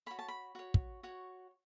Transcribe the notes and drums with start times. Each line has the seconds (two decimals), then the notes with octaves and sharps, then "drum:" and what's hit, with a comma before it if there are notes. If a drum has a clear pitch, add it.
0.06 F#4 C#5 B5
0.19 A5
0.28 B5
0.55 F#4 C#5
0.74 drum: kick
1.03 F#4 C#5